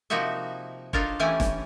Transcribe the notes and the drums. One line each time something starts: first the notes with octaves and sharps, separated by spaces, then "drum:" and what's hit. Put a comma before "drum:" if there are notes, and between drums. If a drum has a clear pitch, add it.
C3 F3 A#3 D#4 F#4 E5
D4 D#4 F4 A4 A#4 C#5, drum: kick
E3 A3 C#4 E4 G4 G#5
drum: snare E1